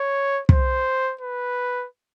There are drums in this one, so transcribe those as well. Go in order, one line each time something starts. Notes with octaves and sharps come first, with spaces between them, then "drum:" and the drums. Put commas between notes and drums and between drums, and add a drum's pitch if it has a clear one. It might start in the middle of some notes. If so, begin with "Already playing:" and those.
Already playing: C#5
C5, drum: kick
B4